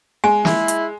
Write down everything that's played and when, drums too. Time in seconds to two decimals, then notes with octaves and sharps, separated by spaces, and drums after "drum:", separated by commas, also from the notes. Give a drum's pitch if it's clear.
0.24 G#3 G#5
0.45 E4, drum: snare
0.68 drum: hi-hat